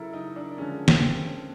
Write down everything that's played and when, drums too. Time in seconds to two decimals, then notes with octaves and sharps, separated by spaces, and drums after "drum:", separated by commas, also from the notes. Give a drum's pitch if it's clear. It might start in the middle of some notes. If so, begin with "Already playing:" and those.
Already playing: C#3 F#3 E4 A4 A#4
0.13 D#4
0.36 D4
0.58 D3 F3 G#3 C#4
0.88 C4, drum: snare